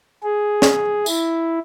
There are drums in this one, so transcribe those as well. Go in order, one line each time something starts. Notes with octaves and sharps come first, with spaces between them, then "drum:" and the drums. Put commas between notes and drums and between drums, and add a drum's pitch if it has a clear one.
G#4
drum: snare
E4, drum: tambourine